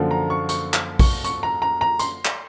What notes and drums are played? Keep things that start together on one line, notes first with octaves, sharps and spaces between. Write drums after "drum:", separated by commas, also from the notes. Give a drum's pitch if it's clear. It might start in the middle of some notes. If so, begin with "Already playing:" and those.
Already playing: F#2 D3 F3 A#3
A#5
C#6
C#6, drum: hi-hat
drum: clap
C#6, drum: kick A#1, open hi-hat
C#6, drum: hi-hat
A#5
A#5
A#5
C6, drum: hi-hat
drum: clap